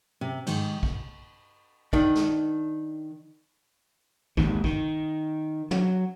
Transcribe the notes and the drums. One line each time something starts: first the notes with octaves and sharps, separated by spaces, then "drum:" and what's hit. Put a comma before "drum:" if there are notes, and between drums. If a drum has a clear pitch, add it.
C3
G#2 D#3, drum: cymbal
drum: kick
D#3 D4, drum: kick
drum: snare
G#1 D#2 D#3, drum: kick
D#3, drum: kick
F#3, drum: tom